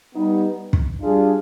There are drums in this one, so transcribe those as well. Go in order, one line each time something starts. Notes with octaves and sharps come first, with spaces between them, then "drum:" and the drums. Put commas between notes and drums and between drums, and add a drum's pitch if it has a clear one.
G3 B3 D#4
drum: kick
G3 D4 F4 G#4